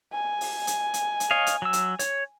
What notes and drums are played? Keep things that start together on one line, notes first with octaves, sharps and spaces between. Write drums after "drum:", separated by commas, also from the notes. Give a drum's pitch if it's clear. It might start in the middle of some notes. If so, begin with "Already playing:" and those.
G#5
drum: open hi-hat
drum: hi-hat
drum: hi-hat
drum: hi-hat
C#5 D#5 F5
drum: hi-hat
F#3 E6
drum: hi-hat
C#5, drum: hi-hat